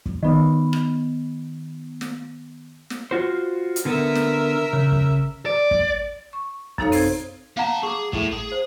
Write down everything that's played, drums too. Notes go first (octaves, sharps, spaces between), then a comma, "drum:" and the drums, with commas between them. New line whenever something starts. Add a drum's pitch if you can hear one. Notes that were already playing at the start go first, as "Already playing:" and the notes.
drum: kick
D#3 B3
drum: rim click
drum: snare
drum: snare
F4 F#4 C5
drum: hi-hat
D3 B3 A#4 E5
drum: snare
C#3
drum: kick
D5
drum: kick
C#6
F#2 C3 D#4 A4 C#5 F5, drum: kick
C4 C5 G#6, drum: open hi-hat
A#3 F5 F#5 A5 A#5
G#4 C#6 D6
A2, drum: kick
G#4
C5